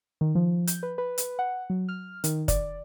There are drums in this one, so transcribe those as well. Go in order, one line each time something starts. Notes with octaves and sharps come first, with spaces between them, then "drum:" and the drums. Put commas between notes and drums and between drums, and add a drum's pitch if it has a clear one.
D#3
F3
G6, drum: hi-hat
B4
B4
drum: hi-hat
F#5
F#3
F6
D#3, drum: hi-hat
D5, drum: kick, hi-hat